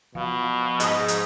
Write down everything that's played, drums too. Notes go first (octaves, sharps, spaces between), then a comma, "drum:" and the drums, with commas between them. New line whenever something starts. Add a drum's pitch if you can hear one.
B2 F3
G#2 D#5 D#6, drum: hi-hat
drum: hi-hat